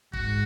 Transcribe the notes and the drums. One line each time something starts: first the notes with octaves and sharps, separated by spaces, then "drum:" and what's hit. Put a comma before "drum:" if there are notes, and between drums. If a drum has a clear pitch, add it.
G#2 F#4, drum: kick